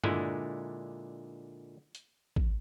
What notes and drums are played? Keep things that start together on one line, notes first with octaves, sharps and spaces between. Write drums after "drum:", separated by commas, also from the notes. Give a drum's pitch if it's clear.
A#2 D3 G#3 E4, drum: tom G2
drum: hi-hat
drum: kick